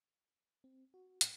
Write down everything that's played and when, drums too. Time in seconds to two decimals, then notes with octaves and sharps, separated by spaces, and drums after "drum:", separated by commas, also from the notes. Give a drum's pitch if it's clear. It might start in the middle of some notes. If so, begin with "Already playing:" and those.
0.64 C4
0.94 F#4
1.21 A2, drum: hi-hat